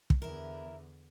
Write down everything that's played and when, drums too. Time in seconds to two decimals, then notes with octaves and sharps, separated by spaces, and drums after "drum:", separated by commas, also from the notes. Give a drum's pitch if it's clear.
0.10 drum: kick
0.22 E2 D3 E4 A#4